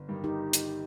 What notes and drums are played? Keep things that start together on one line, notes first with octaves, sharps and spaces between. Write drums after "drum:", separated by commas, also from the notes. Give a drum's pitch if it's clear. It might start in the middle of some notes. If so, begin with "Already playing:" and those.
Already playing: G1
G2 D#3 G3
D#4 G4
drum: hi-hat